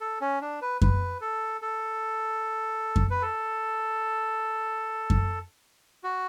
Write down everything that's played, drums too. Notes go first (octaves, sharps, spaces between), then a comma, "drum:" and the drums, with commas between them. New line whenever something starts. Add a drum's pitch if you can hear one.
A4
C#4
D4
B4
B4, drum: kick F#2
A4
A4
drum: kick F#2
B4
A4
drum: kick F#2
F#4